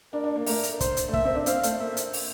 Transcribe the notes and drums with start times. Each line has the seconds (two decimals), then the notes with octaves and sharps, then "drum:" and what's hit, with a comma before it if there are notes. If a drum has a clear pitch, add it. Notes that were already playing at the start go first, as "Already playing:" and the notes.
0.13 D4 A#4
0.24 D4
0.36 A#3
0.46 A3 A#4, drum: open hi-hat
0.63 drum: hi-hat
0.80 C5, drum: kick, hi-hat
0.97 drum: hi-hat
1.09 A3
1.13 A#3 E5, drum: kick
1.25 C4
1.35 D4
1.46 C4 F5, drum: hi-hat
1.63 A3, drum: hi-hat
1.79 A#3 E5
1.97 drum: hi-hat
2.13 drum: open hi-hat